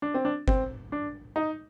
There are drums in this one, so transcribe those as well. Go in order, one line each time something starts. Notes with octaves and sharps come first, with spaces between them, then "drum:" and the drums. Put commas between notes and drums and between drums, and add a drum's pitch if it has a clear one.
D4
C4
D4
C4, drum: kick G1
D4
D#4